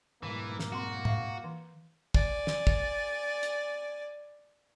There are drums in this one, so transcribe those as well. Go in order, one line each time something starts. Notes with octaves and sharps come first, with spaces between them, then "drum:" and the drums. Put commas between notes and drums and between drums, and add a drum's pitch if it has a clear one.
G#2 B2 E3 G3 A#3
drum: snare
C4 F#4 C6
E5 F5, drum: tom A2
E3
D5 G#5, drum: kick
drum: snare
drum: kick
drum: hi-hat